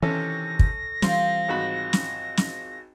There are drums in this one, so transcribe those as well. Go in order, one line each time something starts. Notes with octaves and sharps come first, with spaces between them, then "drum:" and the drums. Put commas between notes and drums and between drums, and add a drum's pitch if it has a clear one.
C3 D#3 E3 C#4 A4 A#6
drum: kick
E3 F3 G3 C4 F4, drum: snare
G#1 F#4 B5
drum: snare
drum: snare